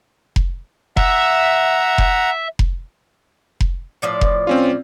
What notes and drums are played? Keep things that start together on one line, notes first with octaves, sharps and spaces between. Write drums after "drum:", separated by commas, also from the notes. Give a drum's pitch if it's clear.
drum: kick F1
E5 F#5 A#5, drum: kick F1
drum: kick F1
drum: kick F1
drum: kick F1
A2 F3 D5
drum: kick F1
C4 C#4 F4